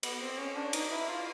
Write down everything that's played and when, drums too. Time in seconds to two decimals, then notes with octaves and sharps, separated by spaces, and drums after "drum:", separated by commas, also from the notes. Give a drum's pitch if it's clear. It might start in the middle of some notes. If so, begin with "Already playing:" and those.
0.03 B3, drum: cymbal
0.20 C4
0.38 C#4
0.56 D4
0.73 D#4, drum: cymbal
0.91 E4
1.08 F4